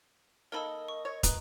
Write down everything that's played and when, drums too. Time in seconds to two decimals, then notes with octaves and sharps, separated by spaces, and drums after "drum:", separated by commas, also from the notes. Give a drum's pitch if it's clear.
0.52 A#3 D#4 A4 A#4 D#5 B5 E6
0.88 C#6
1.05 C#5
1.23 B4 A#5 D#6, drum: kick, hi-hat